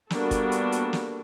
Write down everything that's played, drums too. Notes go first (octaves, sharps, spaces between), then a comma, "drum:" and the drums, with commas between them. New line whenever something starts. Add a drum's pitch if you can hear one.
G3 A#3 B3 D4 F#4 A4, drum: snare
drum: kick, hi-hat
drum: hi-hat
drum: hi-hat
drum: snare